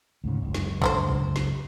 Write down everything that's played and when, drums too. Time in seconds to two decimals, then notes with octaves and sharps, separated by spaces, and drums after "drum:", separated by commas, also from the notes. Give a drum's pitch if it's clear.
0.24 D2 G#2 C#3
0.42 F#1 C#2
0.54 drum: snare
0.82 D3 G4 C5, drum: kick
1.09 drum: kick
1.36 drum: snare